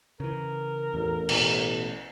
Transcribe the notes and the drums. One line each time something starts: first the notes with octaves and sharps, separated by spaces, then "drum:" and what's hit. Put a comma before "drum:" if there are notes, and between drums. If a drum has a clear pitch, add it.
C#3 E3 A#4
A1 E2
A1 B2, drum: cymbal